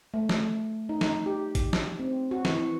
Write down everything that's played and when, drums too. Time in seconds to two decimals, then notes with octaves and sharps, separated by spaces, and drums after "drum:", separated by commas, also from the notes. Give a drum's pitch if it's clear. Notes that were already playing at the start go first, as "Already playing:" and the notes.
0.14 A3
0.29 drum: snare
0.89 D#4
1.01 drum: snare
1.26 G4
1.55 drum: kick G#1, hi-hat
1.73 drum: snare
1.99 C4
2.31 F#4
2.45 E3, drum: snare